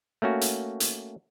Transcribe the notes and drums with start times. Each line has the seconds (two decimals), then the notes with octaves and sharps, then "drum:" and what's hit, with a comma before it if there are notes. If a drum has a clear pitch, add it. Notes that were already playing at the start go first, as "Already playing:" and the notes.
0.22 A3 A#3 C#4 F#4
0.41 drum: hi-hat
0.80 drum: hi-hat